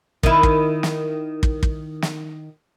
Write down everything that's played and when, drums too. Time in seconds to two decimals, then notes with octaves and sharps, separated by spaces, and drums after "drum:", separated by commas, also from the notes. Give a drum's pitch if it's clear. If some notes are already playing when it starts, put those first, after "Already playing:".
0.23 D#3 E4, drum: kick
0.43 drum: kick
0.83 drum: snare
1.43 drum: kick
1.63 drum: kick
2.02 drum: snare